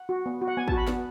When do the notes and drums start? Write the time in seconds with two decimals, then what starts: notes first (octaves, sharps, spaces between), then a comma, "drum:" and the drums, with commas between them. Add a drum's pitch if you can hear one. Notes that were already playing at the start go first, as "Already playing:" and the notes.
Already playing: F#5
0.09 F#4
0.26 B3
0.41 F#4
0.48 F#5
0.57 B3 G#5
0.68 F#4 A5, drum: kick
0.77 B5
0.87 B3, drum: snare